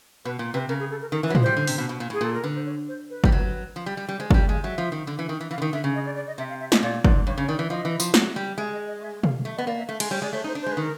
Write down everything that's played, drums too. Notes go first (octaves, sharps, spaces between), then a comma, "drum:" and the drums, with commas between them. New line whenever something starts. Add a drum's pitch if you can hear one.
B2 B4
A#2
C3 B4
C#3 A#4
G#4
A4
A#4
D#3 A#4
E3
B4
F#3
F3, drum: tom A2
G3 C5
D3
C3, drum: open hi-hat
B2
B2
A#2
A2 G#4
A#2 A4
A#4
D3 B4
C5
C#5
C5
B4
G3 C5, drum: kick
F#3
B4
F3
G3
G3
G3
G#3 C5
C#5, drum: kick
G3
D5
G#3 F5
F#3 E5
F3
D#3
D3
E3
D#3
E3
E3 F5
D3
D#3
D3 E5
C#3
D#5
D5
D5
D#5
C3 E5
F5
E5
D#5, drum: snare
A#2 D5
G#2 D5, drum: kick
G2 C#5
C#3
C#5
D#3 D5
E3
F3 D#5
E3
F3, drum: tambourine
F#3, drum: snare
G3
G#3 E5
D#5
D#5
E5
F5, drum: tom B2
A3 E5
B3 D#5
A#3 D5
E5
A3 F5
G#3, drum: cymbal
G3 C#5
G#3 D5
A3 C#5
D#4
C5
D4
G#3 C5
B4
D#3 A#4